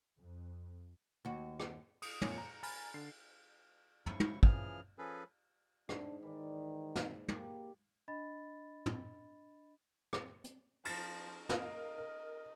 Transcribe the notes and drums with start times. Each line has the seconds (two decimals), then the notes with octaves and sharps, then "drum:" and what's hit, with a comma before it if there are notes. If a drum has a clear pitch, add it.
0.19 F2
1.25 D#2 F#4
1.60 drum: rim click
2.02 D#6, drum: cymbal
2.21 F2 A#2 C#5 G#5 C#7, drum: tom
2.38 A#5
2.63 G#5 A#5 B5 F6 A6, drum: open hi-hat
2.94 D3 C7
4.06 G#2 C#3 E4 C#6, drum: tom
4.20 drum: tom
4.43 C#3 E3 F3 G#4 F6, drum: kick
4.98 F3 C#4 G#4 A4 B4
5.89 G#2 D4, drum: rim click
6.23 D#3 E3 D5
6.95 drum: snare
7.28 A#3 G4, drum: tom
8.08 D4 D#5 B5 A6
8.86 drum: tom
10.13 drum: rim click
10.44 drum: hi-hat
10.85 F3 F6 A6 A#6, drum: cymbal
11.49 A#4 D#5 F5, drum: snare
11.98 A#4